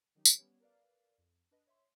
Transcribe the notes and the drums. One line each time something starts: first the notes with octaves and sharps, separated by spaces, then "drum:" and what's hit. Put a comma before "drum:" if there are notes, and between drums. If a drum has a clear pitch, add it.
D#3 F#3 C#4 D#4 G4
drum: tambourine
G3 B3 C#4 G4 C#5
A#4 B4 D5 F5
F2
D4 B4 D#5
C#5 E5 C6